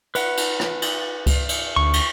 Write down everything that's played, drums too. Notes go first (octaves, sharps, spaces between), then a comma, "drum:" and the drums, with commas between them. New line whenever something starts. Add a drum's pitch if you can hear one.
B4 F#5, drum: cymbal
drum: cymbal
drum: rim click
drum: cymbal
drum: kick C#2, cymbal
drum: cymbal
D2 C#6
drum: cymbal